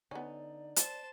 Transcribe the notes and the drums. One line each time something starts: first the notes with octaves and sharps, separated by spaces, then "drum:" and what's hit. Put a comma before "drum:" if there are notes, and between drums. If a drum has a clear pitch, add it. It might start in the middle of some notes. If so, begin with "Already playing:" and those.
D3 B3 C#4 D#4 D5
C5 A5, drum: hi-hat